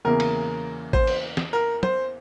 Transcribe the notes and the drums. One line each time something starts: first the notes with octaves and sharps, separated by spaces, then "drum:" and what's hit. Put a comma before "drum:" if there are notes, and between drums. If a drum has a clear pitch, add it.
E2 C#3 E3 A#3 A#4
drum: cymbal
C5, drum: kick A1
drum: cymbal
drum: snare
A#4
C5, drum: tom